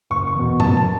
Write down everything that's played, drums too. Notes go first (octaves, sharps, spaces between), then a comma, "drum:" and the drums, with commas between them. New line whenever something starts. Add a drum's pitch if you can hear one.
F#1 C#6
C#6
E2 B2
F#1 A5, drum: tom A2
A5